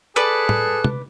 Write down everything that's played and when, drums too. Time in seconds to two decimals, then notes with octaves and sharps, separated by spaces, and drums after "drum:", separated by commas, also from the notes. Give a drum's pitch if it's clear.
0.16 G#4 A4 B4 D5 F#6
0.49 drum: tom
0.84 drum: tom C3